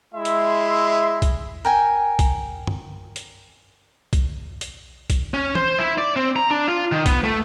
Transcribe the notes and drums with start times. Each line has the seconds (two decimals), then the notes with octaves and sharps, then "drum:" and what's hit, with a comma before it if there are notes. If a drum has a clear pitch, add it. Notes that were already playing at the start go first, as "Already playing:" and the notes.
0.14 G#3 E4 E5 C6
0.25 drum: hi-hat
1.22 drum: kick B1, hi-hat
1.65 A#4 G5 G#5
2.19 drum: kick B1, hi-hat
2.67 drum: tom
3.16 drum: hi-hat
4.13 drum: kick B1, hi-hat
4.61 drum: hi-hat
5.10 drum: kick B1, hi-hat
5.34 C#4
5.55 C5, drum: tom
5.79 E4
5.98 D5
6.16 C4
6.36 A#5
6.51 D4
6.68 F4
6.92 D#3
7.06 B3, drum: kick B1, hi-hat
7.24 A3